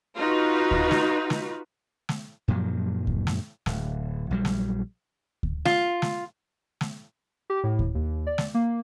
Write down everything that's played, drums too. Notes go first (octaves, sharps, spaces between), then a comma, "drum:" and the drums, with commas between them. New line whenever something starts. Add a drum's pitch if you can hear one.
D#4 F4 F#4 B4
drum: kick D2
drum: snare
drum: snare
drum: snare
F#2 A#2 F3 F#3
drum: kick D2
drum: snare
D1, drum: snare
A#1 F#3 G3
drum: snare
drum: kick D2
F4, drum: snare
drum: snare
drum: snare
G4
A2
drum: kick D2
D#2
D5
drum: snare
A#3